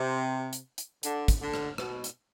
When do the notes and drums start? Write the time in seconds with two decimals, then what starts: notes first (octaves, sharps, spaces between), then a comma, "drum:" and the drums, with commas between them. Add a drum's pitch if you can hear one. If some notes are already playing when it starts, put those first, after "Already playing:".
Already playing: C3
0.53 drum: hi-hat
0.78 drum: hi-hat
1.03 D3, drum: hi-hat
1.28 drum: kick, hi-hat
1.41 D3
1.54 drum: rim click
1.78 B2, drum: rim click
2.04 drum: hi-hat